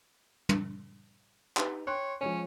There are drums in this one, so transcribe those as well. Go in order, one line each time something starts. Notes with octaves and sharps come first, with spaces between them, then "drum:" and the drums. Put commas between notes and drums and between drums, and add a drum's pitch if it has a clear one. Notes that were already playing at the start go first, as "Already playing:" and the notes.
drum: tom
D#4 G4 B4, drum: clap
C#5 G5 C6 F#6
F3 G#3 C#4 C#5